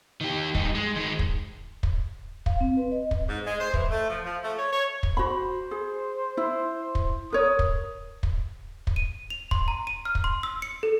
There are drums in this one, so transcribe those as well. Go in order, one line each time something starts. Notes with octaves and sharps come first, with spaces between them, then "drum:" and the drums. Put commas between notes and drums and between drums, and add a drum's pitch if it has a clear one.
D#3 G4
G2 D#4, drum: kick
G#3
D#3 G#3
drum: kick
drum: kick
F5, drum: kick
C4
B4
D#5
drum: kick
G#2
G#3
C5
E3, drum: kick
A3
F3
F3
A3
C#5
C#5
drum: kick
F#4 C5 B5
G#4
E4
drum: kick
A#4 C#5 D#6
drum: kick
drum: kick
drum: kick
D#7
F7
C6, drum: kick
A#5
D#7
F6
drum: kick
C6
E6
C#7
A4